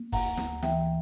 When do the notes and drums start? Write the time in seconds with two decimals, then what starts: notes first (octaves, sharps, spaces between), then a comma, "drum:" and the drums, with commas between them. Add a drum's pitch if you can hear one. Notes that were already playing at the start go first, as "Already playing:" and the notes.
Already playing: A#3
0.12 D2 F#5 A#5, drum: kick, open hi-hat
0.37 D2, drum: snare
0.63 E3 E5 G5, drum: snare